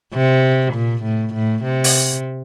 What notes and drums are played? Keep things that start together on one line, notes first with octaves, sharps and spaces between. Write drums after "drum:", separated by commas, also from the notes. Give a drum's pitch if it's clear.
C3
A#2
A2
A2
C3
drum: open hi-hat